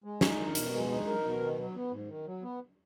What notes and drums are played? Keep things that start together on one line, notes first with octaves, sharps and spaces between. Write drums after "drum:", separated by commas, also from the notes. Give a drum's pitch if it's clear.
G#3
D#4, drum: snare
A#4
B2, drum: hi-hat
G#3
D#4
A#4
B2
D#3
F#3
B3
G#2
D#3
F#3
B3